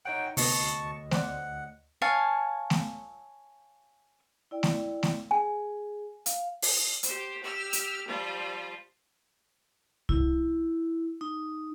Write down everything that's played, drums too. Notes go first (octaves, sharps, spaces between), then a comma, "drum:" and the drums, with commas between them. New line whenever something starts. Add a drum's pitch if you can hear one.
D#4 C#5 F#5 G5
D2 C3 B3 D#5 A5 C#6, drum: open hi-hat
C5 D5 F#5, drum: snare A3
C#5 F5 G#5 A5
drum: snare A3
E4 D5 G5
drum: snare A3
drum: snare A3
G#4 G#5
F5, drum: hi-hat
drum: open hi-hat
G4 C5, drum: hi-hat
G4 E6 F6
drum: hi-hat
F3 G3 F4
E4, drum: kick C2
D#4